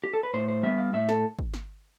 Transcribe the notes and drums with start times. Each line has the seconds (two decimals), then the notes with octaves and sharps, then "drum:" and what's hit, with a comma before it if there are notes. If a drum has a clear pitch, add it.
0.04 G4
0.13 A4
0.23 B4
0.34 A2 C5
0.48 C5
0.63 G3 B3 E5
0.78 F5
0.93 A2 E5
1.09 A4, drum: snare
1.39 drum: kick
1.54 drum: snare